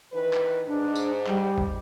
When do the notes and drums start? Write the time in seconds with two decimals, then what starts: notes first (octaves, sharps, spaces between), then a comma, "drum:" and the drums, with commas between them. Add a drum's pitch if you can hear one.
0.13 D#3 E3 B4
0.33 drum: clap
0.67 G#2 D4
0.95 drum: tambourine
1.27 G3, drum: clap
1.58 drum: kick